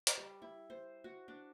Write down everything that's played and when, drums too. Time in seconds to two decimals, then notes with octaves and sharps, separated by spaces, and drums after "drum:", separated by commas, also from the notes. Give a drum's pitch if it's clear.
0.07 drum: hi-hat
0.17 G3
0.42 E4
0.70 C5
1.04 F#4
1.28 D4